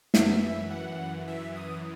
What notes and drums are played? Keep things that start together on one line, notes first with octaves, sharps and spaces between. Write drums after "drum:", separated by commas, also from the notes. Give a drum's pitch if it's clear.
F#2 E3 E5, drum: snare
E5
F#5
F#2 E3 E5
D#6